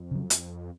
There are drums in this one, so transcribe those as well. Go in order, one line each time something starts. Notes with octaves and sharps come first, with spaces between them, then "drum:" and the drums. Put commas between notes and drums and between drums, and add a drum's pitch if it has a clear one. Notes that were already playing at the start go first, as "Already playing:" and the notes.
Already playing: F2
C#3 F#3
drum: hi-hat